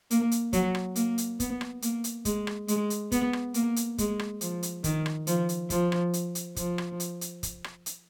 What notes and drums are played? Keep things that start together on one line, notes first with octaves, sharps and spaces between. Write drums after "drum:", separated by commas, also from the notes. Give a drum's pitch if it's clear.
A#3, drum: hi-hat
drum: hi-hat
F#3, drum: kick, hi-hat
drum: rim click
A#3, drum: hi-hat
drum: hi-hat
B3, drum: kick, hi-hat
drum: rim click
A#3, drum: hi-hat
drum: hi-hat
G#3, drum: kick, hi-hat
drum: rim click
G#3, drum: hi-hat
drum: hi-hat
B3, drum: kick, hi-hat
drum: rim click
A#3, drum: hi-hat
drum: hi-hat
G#3, drum: kick, hi-hat
drum: rim click
F3, drum: hi-hat
drum: hi-hat
D#3, drum: kick, hi-hat
drum: rim click
F3, drum: hi-hat
drum: hi-hat
F3, drum: kick, hi-hat
drum: rim click
drum: hi-hat
drum: hi-hat
F3, drum: kick, hi-hat
drum: rim click
drum: hi-hat
drum: hi-hat
drum: kick, hi-hat
drum: rim click
drum: hi-hat